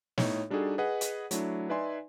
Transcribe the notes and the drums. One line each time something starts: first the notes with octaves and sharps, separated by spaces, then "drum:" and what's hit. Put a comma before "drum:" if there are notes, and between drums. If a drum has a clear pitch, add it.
A2 D#4 C#5, drum: snare
G3 D4 D#4 F#4 G#4 A4
G#4 B4 D#5 F#5
drum: hi-hat
F#3 A3 D4 E4, drum: hi-hat
D#4 B4 D5 E5 G#5 C6